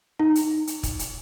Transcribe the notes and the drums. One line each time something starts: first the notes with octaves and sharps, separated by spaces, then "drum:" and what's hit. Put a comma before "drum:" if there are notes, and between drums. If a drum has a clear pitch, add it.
D#4
drum: hi-hat
drum: hi-hat
drum: kick, hi-hat
drum: hi-hat